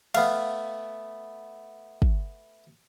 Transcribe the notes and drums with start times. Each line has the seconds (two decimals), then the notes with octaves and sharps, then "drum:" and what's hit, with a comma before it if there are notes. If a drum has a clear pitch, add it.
0.15 A3 B3 F5, drum: cymbal
2.02 drum: kick